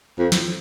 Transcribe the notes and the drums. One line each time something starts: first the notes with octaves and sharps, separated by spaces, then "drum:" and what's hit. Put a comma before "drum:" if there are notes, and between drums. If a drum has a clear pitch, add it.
F2
drum: snare